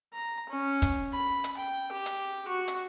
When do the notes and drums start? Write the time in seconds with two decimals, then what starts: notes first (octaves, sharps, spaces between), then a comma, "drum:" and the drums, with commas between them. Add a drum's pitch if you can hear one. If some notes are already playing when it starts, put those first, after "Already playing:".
0.14 A#5
0.49 C#4
0.82 drum: kick, hi-hat
1.13 B5
1.44 drum: hi-hat
1.57 G5
1.92 G4
2.06 drum: hi-hat
2.48 F#4
2.68 drum: hi-hat